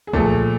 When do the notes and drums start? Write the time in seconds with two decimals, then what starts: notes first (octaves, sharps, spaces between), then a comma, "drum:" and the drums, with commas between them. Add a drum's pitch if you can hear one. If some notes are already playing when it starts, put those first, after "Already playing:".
0.07 G#4
0.13 A#2 F3 G#3 A3 A4, drum: kick C2